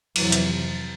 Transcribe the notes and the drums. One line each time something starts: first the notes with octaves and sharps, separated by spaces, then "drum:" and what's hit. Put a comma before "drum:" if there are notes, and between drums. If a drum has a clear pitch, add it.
F2 C3 E3 F#3, drum: cymbal
drum: hi-hat